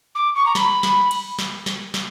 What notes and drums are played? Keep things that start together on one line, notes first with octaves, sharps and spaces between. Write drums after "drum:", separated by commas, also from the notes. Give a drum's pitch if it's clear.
D6
C#6
A#5
B5, drum: snare
drum: snare
drum: cymbal
drum: snare
drum: snare
drum: snare